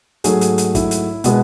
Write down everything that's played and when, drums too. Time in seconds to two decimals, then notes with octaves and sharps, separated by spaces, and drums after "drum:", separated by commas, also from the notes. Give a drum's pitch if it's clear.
0.24 G#2 F#3 A3 G#4, drum: hi-hat
0.41 drum: hi-hat
0.58 drum: hi-hat
0.75 E4, drum: kick, hi-hat
0.91 drum: hi-hat
1.24 B2 G#3 B3, drum: hi-hat